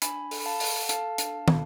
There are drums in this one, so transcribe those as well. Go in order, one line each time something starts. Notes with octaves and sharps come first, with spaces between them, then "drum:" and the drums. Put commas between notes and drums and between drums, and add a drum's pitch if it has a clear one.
D4 G#5 B5, drum: hi-hat
A4, drum: open hi-hat
B5
F5 A5
A4, drum: open hi-hat
A4 F5 A5, drum: hi-hat
D4, drum: hi-hat
A4, drum: tom